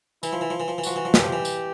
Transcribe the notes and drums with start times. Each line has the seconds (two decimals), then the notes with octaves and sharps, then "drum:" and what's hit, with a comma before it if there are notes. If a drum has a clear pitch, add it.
0.23 E3 E4, drum: tambourine
0.33 F3
0.41 E3
0.50 F3
0.60 E3
0.68 F3
0.78 E3
0.83 F3 F#4, drum: tambourine
0.96 E3
1.05 F3
1.14 E3 G4, drum: snare
1.23 F3
1.33 E3
1.45 drum: tambourine